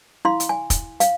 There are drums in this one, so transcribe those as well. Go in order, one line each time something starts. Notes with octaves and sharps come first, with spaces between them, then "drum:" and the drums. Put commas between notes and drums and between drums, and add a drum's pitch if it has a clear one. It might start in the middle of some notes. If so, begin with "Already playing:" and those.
E4 F5 C6
drum: hi-hat
G#5
drum: kick, hi-hat
F5, drum: hi-hat